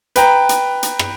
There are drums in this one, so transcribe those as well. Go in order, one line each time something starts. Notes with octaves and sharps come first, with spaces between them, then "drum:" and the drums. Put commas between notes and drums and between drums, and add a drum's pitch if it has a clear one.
B4 G5 A#5, drum: hi-hat
drum: hi-hat
drum: hi-hat
drum: rim click